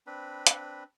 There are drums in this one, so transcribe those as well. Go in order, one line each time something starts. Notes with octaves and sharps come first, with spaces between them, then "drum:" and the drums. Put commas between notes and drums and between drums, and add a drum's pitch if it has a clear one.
C4 D4 B4 B5
drum: hi-hat